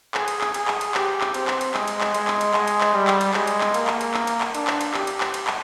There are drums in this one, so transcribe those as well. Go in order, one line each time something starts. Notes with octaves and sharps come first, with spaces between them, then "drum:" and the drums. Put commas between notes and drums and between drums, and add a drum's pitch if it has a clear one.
G#4, drum: clap
drum: cymbal
drum: clap
G#4, drum: cymbal
drum: clap
drum: cymbal
G4, drum: clap
drum: clap
C4, drum: cymbal
drum: clap
drum: cymbal
G#3, drum: clap
drum: cymbal
drum: clap
G#3, drum: cymbal
drum: clap
drum: cymbal
G#3, drum: clap
drum: cymbal
drum: clap
G3
drum: clap
drum: cymbal
G#3, drum: clap
drum: cymbal
drum: clap
A#3, drum: cymbal
drum: clap
drum: cymbal
drum: clap
drum: cymbal
drum: clap
D4, drum: cymbal
drum: clap
drum: cymbal
G4, drum: clap
drum: cymbal
drum: clap
drum: cymbal
drum: clap